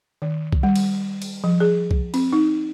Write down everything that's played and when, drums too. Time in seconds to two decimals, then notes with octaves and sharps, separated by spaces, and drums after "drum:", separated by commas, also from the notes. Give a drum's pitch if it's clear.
0.22 D#3
0.53 drum: kick
0.63 G3
0.76 drum: cymbal
1.22 drum: cymbal
1.44 F3
1.60 G#4
1.91 drum: kick
2.14 C4, drum: cymbal
2.33 D#4